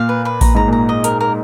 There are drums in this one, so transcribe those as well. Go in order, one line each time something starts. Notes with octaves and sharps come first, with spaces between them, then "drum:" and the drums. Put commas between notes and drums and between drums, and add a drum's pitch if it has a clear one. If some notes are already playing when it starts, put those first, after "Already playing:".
Already playing: A#2 F5
B4
B4
A#2 A#5, drum: kick A1, open hi-hat
G#2 A#5
A#2 A#5
D#5
A#4, drum: hi-hat
A#4